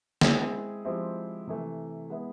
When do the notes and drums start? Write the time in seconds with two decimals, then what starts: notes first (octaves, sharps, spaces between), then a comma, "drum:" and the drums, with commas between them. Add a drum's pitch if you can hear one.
0.21 G#3 C4 E4 G#4, drum: snare
0.84 F3 G#3 C4 E4 G4
1.47 C3 E3 A3
2.10 G#3 B3 E4